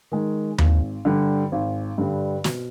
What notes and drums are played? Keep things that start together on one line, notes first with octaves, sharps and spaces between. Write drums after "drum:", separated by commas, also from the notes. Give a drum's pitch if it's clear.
D#3 G#3
G#1, drum: tom D#2
G2 D3 G3
G#1
G2 D3 G3
B2, drum: snare